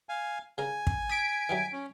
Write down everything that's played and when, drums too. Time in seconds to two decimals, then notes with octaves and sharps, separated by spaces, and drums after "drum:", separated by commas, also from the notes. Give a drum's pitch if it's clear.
0.09 F5 G#5
0.58 C#3 A#4 G#5
0.87 drum: kick
1.10 D#6 G#6 B6 D7
1.49 D#3 E3 F#3
1.73 C#4